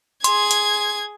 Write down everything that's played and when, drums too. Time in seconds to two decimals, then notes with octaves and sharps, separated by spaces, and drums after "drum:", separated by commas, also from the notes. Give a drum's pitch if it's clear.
0.24 G#4 C6 G#6, drum: hi-hat
0.51 drum: hi-hat